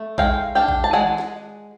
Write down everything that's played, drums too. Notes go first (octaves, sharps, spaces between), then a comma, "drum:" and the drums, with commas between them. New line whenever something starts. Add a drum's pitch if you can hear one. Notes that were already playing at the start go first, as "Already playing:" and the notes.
Already playing: A3
G#3 F5 G5, drum: kick A#1
D4 F5 G5
drum: kick A#1
A5
G#3 F#5 G#5, drum: tom D#3
drum: snare